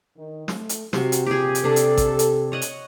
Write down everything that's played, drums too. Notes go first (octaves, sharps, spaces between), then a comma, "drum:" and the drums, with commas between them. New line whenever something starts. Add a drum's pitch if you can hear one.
D#3
A3, drum: snare
drum: hi-hat
C3 F#4 C#6, drum: snare
drum: hi-hat
G2 A#2 F3 G4 G#4
drum: hi-hat
C3 D4 G4 A4
drum: hi-hat
drum: kick A1, hi-hat
drum: hi-hat
C#5 D#5 F#5
drum: hi-hat